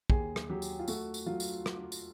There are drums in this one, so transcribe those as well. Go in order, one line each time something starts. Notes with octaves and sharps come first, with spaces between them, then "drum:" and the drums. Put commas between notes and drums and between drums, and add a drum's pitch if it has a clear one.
D#2 G#4, drum: kick
drum: rim click
F#3 G4
drum: tambourine
F4
A3 F#4, drum: tambourine
drum: tambourine
F#3 F4
drum: tambourine
drum: rim click
drum: tambourine